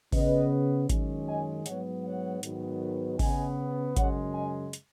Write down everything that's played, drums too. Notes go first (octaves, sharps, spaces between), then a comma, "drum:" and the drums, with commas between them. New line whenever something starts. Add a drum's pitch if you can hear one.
C#3 B3 B4 D#5, drum: kick G#1, open hi-hat
F#2 D#3 G#3 C#4, drum: kick G#1, hi-hat
D#5 G#5
G#2 F#3 B3 C#5 F#5, drum: hi-hat
C#5 F#5
G#2 D#3 F#3 B3, drum: hi-hat
C#3 B3 D#5 G#5, drum: kick G#1, open hi-hat
F#2 C#3 G#3 C#5 F#5, drum: kick G#1, hi-hat
D#5 G#5
drum: hi-hat